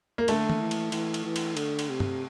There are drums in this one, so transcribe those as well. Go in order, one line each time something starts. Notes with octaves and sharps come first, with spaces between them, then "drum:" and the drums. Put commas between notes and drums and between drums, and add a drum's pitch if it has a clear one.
A#3
D3 A3, drum: cymbal
drum: tom
E3
drum: cymbal
E3, drum: cymbal
drum: cymbal
E3
drum: cymbal
D3, drum: cymbal
drum: cymbal
C3
drum: tom G2